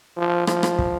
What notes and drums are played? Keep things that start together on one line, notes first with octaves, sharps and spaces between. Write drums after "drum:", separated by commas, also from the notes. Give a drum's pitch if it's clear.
F3
F3, drum: rim click
drum: rim click
drum: kick